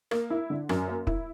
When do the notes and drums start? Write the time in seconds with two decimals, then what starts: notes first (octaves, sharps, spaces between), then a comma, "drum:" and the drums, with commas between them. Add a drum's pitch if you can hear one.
0.11 A#3, drum: rim click
0.30 E4
0.50 D3
0.69 F#2, drum: rim click
0.88 A#3
1.07 E4, drum: kick